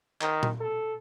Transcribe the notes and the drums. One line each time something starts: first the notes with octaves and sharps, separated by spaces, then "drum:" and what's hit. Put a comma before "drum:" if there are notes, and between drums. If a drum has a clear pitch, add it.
D#3, drum: clap
drum: tom A#2
A4